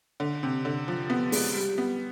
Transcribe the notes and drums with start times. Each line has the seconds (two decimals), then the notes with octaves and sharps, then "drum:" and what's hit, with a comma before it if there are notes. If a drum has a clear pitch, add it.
0.20 D3
0.43 C3
0.65 D3
0.88 F3
1.10 B3
1.32 G#3, drum: open hi-hat
1.55 G3
1.78 B3